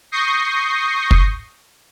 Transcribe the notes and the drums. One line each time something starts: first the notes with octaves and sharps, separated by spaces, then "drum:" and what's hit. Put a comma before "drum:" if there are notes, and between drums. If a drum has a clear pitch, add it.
C#6 D#6 G6 A#6 C7
drum: kick